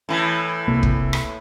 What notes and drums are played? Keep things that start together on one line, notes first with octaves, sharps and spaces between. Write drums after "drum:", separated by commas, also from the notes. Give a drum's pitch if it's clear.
A2 E3
C2 A#3
drum: kick
drum: rim click